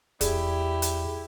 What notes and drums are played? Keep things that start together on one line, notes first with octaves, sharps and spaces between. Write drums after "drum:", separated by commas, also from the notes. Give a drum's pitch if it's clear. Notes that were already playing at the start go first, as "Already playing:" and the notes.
E2 E4 G4 G#4 D5, drum: kick, hi-hat
drum: hi-hat